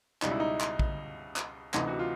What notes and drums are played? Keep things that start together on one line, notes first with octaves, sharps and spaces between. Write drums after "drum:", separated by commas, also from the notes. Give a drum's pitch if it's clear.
C#2 B2 G3 D#4, drum: clap
E4
D#4
drum: clap
drum: kick
drum: clap
D2 C3 E3 D#4, drum: clap
F#4
F4